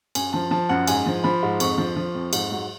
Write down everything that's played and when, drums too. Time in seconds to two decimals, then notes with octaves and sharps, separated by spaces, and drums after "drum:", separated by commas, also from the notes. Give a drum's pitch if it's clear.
0.15 F#2 G#5, drum: cymbal
0.33 F3 A5
0.51 F3 A5
0.69 F#2 F#5
0.87 G#2 G#5, drum: cymbal
1.06 F3
1.24 F3 B5
1.43 G#2
1.60 F2 C#6, drum: cymbal
1.78 F3
1.96 F3
2.15 F2
2.33 G#2, drum: cymbal
2.51 F#3